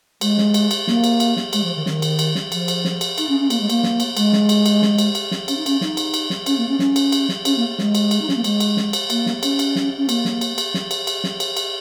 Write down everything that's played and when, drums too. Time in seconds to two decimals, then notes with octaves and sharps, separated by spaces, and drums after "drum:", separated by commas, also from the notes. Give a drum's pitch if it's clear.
0.21 G#3, drum: cymbal
0.38 drum: snare
0.54 drum: cymbal
0.71 drum: cymbal
0.87 A#3, drum: snare
1.04 drum: cymbal
1.20 drum: cymbal
1.37 drum: snare
1.53 G#3, drum: cymbal
1.63 F3
1.75 D#3
1.86 D#3, drum: snare
2.02 drum: cymbal
2.19 drum: cymbal
2.35 drum: snare
2.52 F3, drum: cymbal
2.68 drum: cymbal
2.85 drum: snare
3.01 drum: cymbal
3.18 D#4, drum: cymbal
3.29 C#4
3.40 C#4
3.50 A#3, drum: cymbal
3.60 G#3
3.70 A#3, drum: cymbal
3.83 drum: snare
4.00 drum: cymbal
4.17 G#3, drum: cymbal
4.33 drum: snare
4.49 drum: cymbal
4.66 drum: cymbal
4.82 drum: snare
4.98 drum: cymbal
5.15 drum: cymbal
5.31 drum: snare
5.48 C#4, drum: cymbal
5.56 D#4
5.66 C#4, drum: cymbal
5.81 D#4, drum: snare
5.97 drum: cymbal
6.14 drum: cymbal
6.30 drum: snare
6.46 C#4, drum: cymbal
6.58 A#3
6.68 C#4
6.79 C#4, drum: snare
6.96 drum: cymbal
7.12 drum: cymbal
7.29 drum: snare
7.45 C#4, drum: cymbal
7.56 A#3
7.78 G#3, drum: snare
7.95 drum: cymbal
8.11 drum: cymbal
8.21 D#4
8.29 C#4, drum: snare
8.36 A#3
8.44 G#3, drum: cymbal
8.60 drum: cymbal
8.77 drum: snare
8.93 drum: cymbal
9.10 A#3, drum: cymbal
9.26 drum: snare
9.43 C#4, drum: cymbal
9.59 drum: cymbal
9.76 drum: snare
9.97 C#4
10.09 A#3, drum: cymbal
10.25 drum: snare
10.41 drum: cymbal
10.58 drum: cymbal
10.74 drum: snare
10.91 drum: cymbal
11.07 drum: cymbal
11.24 drum: snare
11.40 drum: cymbal
11.57 drum: cymbal